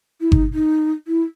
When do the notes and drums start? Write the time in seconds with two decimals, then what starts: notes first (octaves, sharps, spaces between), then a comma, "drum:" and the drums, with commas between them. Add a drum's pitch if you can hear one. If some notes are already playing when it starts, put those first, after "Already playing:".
0.21 E4
0.32 D#4, drum: kick G1
0.54 D#4
1.07 E4